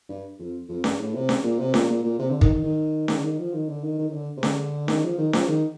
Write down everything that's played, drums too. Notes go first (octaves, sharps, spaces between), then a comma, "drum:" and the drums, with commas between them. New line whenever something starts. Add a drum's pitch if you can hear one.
G2
F2
F2
G2, drum: snare C#4
A2
C3
drum: snare C#4
A#2
C3
A#2, drum: snare C#4
A#2
A#2
C3
D3
D#3, drum: kick
D#3
D#3
D#3, drum: snare C#4
D3
D#3
F3
D#3
D3
D#3
D#3
D#3
D3
C3
D3, drum: snare C#4
D#3, drum: snare C#4
F3
D#3
F3, drum: snare C#4
D#3